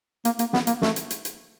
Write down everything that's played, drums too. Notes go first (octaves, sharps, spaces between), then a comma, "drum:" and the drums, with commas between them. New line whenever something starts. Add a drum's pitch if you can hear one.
A#3, drum: hi-hat
A#3, drum: hi-hat
B3, drum: snare
A#3, drum: hi-hat
A3, drum: snare
drum: hi-hat
drum: hi-hat
drum: hi-hat